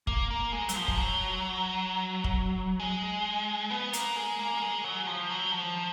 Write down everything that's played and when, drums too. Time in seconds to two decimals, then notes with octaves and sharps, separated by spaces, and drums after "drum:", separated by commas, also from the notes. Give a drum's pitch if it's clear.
0.07 A#3, drum: kick
0.30 A#3
0.52 G#3
0.69 F#3, drum: hi-hat
0.76 F3
0.88 drum: kick
0.98 F#3
2.24 drum: kick
2.80 G#3
3.70 B3
3.93 A#3, drum: hi-hat
4.16 G#3
4.39 A#3
4.62 G#3
4.84 F#3
5.06 F3
5.30 F#3
5.52 F3